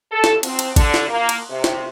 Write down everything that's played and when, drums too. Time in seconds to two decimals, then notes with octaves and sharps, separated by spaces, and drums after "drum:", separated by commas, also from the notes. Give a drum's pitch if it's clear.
0.12 A4
0.24 drum: snare
0.43 C4, drum: cymbal
0.59 drum: cymbal
0.76 D3, drum: kick, cymbal
0.94 drum: snare
1.08 A#3
1.29 drum: cymbal
1.50 C3
1.64 drum: snare